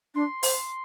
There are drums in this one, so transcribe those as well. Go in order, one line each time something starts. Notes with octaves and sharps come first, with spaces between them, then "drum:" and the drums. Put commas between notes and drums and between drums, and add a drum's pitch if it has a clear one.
D4 C6
C5, drum: open hi-hat